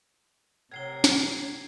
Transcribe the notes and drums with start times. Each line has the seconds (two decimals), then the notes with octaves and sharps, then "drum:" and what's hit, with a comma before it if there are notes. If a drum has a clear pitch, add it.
0.71 A2 C3 F#3 A#4 G#6 C7 G7
1.04 drum: snare